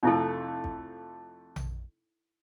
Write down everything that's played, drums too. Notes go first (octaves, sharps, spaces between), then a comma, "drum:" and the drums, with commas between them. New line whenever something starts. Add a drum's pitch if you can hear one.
F2 C3 A3 D#4 E4 A4
drum: kick
drum: tom A#1